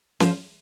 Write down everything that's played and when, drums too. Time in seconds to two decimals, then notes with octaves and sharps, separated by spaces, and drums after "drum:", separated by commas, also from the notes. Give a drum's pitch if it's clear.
0.20 F3, drum: snare C#4